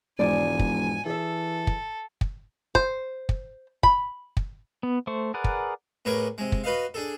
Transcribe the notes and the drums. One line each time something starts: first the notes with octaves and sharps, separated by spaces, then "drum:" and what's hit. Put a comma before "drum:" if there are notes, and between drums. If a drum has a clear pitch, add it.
E1 G#2 F3 D5 G#5
drum: kick
E3 G#4 A4 E5
drum: kick
drum: kick
C5, drum: kick
drum: kick
B5, drum: kick
drum: kick
B3
A3 C5 C#6
G#4 A#4 B4 D5 F#5
drum: kick
A2 B3 G#4 A#4 C#6 D6
C3 G#3
drum: kick
F#4 B4 D#5 F5
D4 G#4 A4